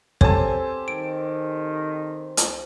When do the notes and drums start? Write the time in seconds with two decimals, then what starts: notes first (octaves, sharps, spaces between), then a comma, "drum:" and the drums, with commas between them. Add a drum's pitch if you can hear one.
0.21 C4 G4 A4 C#5 G#5 A5, drum: kick
0.88 D#3 D7
2.37 drum: hi-hat